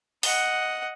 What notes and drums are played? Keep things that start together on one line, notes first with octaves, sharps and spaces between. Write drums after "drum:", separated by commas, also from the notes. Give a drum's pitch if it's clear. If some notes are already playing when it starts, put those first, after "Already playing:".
D#5 F#5, drum: open hi-hat